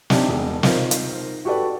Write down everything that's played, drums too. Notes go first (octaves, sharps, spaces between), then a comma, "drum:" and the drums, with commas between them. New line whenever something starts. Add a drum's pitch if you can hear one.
C3 D4 D#4, drum: snare
E1
D#4 F4 A#4 C5, drum: snare
drum: hi-hat
F#4 G4 A4 B4 D5